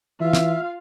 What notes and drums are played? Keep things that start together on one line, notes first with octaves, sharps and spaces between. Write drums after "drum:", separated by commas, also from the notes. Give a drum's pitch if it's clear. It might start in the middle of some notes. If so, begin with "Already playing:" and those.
E3 F4 E5 F5
drum: snare